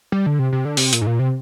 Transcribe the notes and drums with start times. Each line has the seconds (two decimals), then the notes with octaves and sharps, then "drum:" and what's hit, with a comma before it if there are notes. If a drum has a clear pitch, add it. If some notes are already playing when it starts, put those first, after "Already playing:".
0.12 G3
0.26 D3
0.39 C3
0.52 C3
0.65 D3
0.77 C3, drum: open hi-hat
0.93 A#2, drum: hi-hat
1.01 G#2
1.07 A#2
1.19 C3